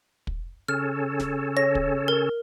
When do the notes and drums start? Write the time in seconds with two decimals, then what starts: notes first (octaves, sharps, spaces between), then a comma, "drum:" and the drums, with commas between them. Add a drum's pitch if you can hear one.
0.27 drum: kick
0.68 C#3 C#4 A4 F6
1.20 drum: snare
1.57 C#5 A#6
1.75 drum: kick
2.08 A#4